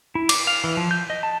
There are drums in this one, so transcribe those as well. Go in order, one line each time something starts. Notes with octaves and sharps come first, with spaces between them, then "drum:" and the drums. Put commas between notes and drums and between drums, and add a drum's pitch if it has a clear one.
E4
D6, drum: cymbal
F5
E3
F3
G6
D#5
A5